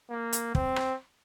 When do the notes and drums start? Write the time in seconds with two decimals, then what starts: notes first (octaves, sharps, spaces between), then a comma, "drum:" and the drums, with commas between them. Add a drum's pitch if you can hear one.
0.10 A#3
0.33 drum: hi-hat
0.55 C4, drum: kick
0.76 drum: rim click